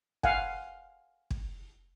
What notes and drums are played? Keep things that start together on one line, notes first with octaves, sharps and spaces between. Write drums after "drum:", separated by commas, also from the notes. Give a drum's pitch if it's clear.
F5 F#5 G#5, drum: kick
drum: kick